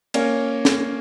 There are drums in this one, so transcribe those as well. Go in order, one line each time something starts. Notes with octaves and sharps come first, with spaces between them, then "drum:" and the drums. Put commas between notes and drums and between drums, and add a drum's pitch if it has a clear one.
A#3 C#4, drum: cymbal
drum: snare